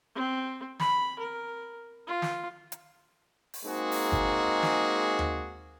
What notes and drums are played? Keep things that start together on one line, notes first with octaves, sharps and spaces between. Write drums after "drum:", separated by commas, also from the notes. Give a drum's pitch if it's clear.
C4
B5, drum: snare
A#4
F4
drum: snare
drum: hi-hat
drum: open hi-hat
G#3 A#3 C4 D#4 F#4 G#4
drum: open hi-hat
drum: kick G1
drum: snare
drum: tom D#2